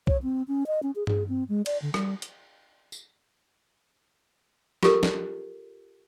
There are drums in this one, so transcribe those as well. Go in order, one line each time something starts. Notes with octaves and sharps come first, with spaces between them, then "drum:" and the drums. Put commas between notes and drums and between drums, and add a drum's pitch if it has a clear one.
C#5, drum: kick B1
C4
C#4
D#5
C#4
G#4
G#4, drum: tom G2
C4
G#3
D5, drum: cymbal
D3
G3, drum: rim click
drum: hi-hat
drum: tambourine
F4 G4 A4 A#4, drum: snare
drum: snare